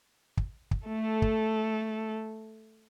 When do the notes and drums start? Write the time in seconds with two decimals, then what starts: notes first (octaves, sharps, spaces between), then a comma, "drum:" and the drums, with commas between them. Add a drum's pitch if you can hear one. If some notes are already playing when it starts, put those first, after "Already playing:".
0.37 drum: kick
0.71 drum: kick
0.88 A3 A4
1.22 drum: kick